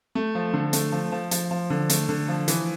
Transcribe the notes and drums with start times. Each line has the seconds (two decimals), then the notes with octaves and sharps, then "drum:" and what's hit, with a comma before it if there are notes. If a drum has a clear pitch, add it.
0.15 A3
0.35 F3
0.54 D3
0.73 A3, drum: hi-hat
0.92 F3
1.12 F3
1.31 F3, drum: hi-hat
1.51 F3
1.70 D3
1.90 A3, drum: hi-hat
2.09 D3
2.28 F3
2.48 E3, drum: hi-hat